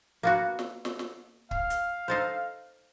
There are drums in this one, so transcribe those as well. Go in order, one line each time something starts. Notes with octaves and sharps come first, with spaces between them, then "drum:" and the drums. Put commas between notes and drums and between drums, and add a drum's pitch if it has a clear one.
A#3 B3 F#4
drum: snare
drum: snare
drum: snare
F5, drum: kick
drum: hi-hat
D#4 A4 C5